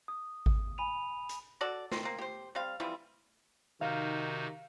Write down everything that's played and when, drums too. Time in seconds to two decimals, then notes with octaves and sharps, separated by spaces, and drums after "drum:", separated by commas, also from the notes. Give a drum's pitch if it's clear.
0.08 D#6
0.46 drum: kick G#1
0.78 G#5 B5 D#7 F7
1.29 drum: hi-hat
1.61 F#4 A4 D5
1.92 D#3 C4, drum: snare
2.03 A#3 C4
2.19 G4 C5
2.55 G3 C4 F5
2.80 E3 F3 G3 C4
3.81 C3 D#3 D#4 F#4 F5